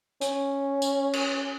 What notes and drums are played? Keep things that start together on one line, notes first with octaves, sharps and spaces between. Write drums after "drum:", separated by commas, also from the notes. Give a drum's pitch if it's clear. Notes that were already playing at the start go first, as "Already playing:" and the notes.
C#4, drum: hi-hat
drum: tambourine
drum: cymbal